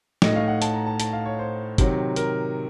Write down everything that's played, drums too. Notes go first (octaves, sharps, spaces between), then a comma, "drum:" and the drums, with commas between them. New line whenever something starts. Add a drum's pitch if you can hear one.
A2 A3 D#4 D#5, drum: snare
F5
F#5
A5, drum: hi-hat
A#5
A5
A5, drum: hi-hat
F5
C#5
C5
C3 D#3 F#3, drum: kick, hi-hat
A#4, drum: hi-hat